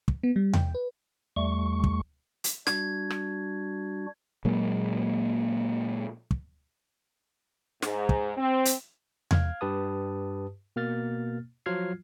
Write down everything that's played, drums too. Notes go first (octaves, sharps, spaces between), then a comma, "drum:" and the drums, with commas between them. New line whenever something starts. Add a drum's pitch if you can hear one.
drum: kick
B3
G3
G5, drum: tom E2
B4
E2 G3 A3 C#6
drum: kick
drum: hi-hat
G3 D4 F#4 G#6, drum: snare
drum: rim click
A#2 F#3 G#3 A#3
drum: kick
G#2, drum: snare
drum: kick
C4
drum: hi-hat
F5 F6 G#6, drum: tom E2
G2 G4 B4 A5 D#6
B2 A#3 F6 A6
F3 F#3 F4 F6 G#6 C7